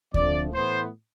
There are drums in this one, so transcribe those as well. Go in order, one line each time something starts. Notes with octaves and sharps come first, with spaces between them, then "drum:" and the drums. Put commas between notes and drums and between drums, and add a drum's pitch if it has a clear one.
F2 D3 F3 A3 D5, drum: kick D2
A2 E3 B3 C5